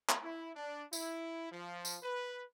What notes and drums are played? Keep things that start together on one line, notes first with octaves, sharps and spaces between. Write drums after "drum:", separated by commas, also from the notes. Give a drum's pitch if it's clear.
drum: clap
E4
D4
E4, drum: tambourine
F3
drum: tambourine
B4